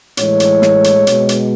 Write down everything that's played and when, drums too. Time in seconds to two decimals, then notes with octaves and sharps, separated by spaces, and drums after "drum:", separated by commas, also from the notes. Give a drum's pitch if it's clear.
0.17 A2 E3 G#3 C#5, drum: hi-hat
0.40 drum: hi-hat
0.62 drum: snare
0.84 drum: hi-hat
1.07 B2 G#3, drum: hi-hat
1.29 drum: hi-hat